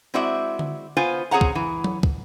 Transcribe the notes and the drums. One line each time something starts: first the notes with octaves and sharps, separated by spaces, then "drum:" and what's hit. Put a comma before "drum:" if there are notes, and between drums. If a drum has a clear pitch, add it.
G#3 C4 E4 F#4 D5 E5
drum: tom D3
B3 F4 C5 G#5
C4 G#4 C#5 F#5 A#5
drum: kick
E3
drum: tom F#3
drum: kick